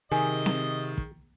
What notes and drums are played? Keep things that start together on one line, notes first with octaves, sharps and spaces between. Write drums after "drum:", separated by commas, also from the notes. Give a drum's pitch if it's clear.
C3 D#3 G#4 D#5
drum: snare C4
drum: kick